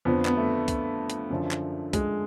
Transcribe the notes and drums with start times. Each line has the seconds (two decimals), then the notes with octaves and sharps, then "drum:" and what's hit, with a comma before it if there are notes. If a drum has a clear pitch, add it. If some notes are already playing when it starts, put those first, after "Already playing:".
0.05 F2 D3 F3 B3
0.25 B3, drum: clap
0.37 A3
0.68 drum: kick C2, hi-hat
1.10 drum: hi-hat
1.30 F#2 D3 F3
1.51 drum: clap
1.93 G#3, drum: kick C2, hi-hat